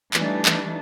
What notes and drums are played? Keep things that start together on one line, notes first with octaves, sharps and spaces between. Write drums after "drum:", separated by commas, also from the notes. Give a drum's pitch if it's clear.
E3 G3 A3 D4 D#4, drum: clap
drum: clap